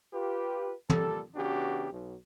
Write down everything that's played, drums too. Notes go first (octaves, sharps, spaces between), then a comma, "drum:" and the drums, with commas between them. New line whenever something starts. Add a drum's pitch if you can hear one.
F4 G4 B4
A#2 G3 G4 A4, drum: tom
C#3 E3 B3 D4 F#4 G4
B1